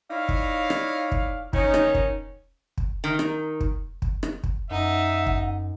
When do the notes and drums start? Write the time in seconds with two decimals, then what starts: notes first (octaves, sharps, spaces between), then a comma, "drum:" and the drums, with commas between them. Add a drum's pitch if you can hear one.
0.10 D#4 E4 C#5 D5 F5
0.29 drum: kick
0.70 drum: rim click
1.12 drum: kick
1.53 D#3 C#4 D#4, drum: kick
1.74 drum: rim click
1.95 drum: kick
2.78 drum: kick
3.04 D#3
3.19 drum: rim click
3.61 drum: kick
4.02 drum: kick
4.23 drum: rim click
4.43 drum: kick
4.71 F#2 D#4 E5 F#5
5.26 drum: kick